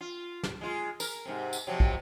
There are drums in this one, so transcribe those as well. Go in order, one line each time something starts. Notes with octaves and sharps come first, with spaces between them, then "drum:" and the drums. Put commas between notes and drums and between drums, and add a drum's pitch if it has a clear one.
F4
drum: snare
G#3 F4
A#4, drum: tambourine
G#2 C3
drum: tambourine
F2 C3 F#3
drum: kick